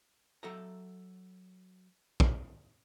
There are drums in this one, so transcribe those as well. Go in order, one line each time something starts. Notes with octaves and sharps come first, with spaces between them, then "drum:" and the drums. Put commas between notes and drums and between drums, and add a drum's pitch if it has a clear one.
F#3 A4 E5 A#5
drum: kick